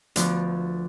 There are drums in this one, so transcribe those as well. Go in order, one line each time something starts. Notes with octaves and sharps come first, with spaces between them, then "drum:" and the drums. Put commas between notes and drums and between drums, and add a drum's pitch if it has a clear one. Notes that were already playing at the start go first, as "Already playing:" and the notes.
D2 D3 F3 B3 D4, drum: hi-hat